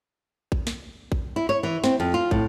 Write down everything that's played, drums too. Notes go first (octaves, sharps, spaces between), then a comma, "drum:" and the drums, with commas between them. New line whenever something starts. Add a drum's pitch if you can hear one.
drum: kick
drum: snare
drum: kick
E4
C#5
E3
C4, drum: snare
F2
F4
A2, drum: kick